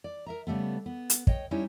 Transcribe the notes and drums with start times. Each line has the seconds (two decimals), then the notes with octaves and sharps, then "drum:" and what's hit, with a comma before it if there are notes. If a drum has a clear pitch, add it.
0.04 D5
0.26 A#4 E5 A#5
0.47 C#3 G3 A3 B3
0.86 B3
1.10 drum: hi-hat
1.27 C#5 D#5 G5, drum: kick
1.51 G3 C#4 D#4 E4 C#5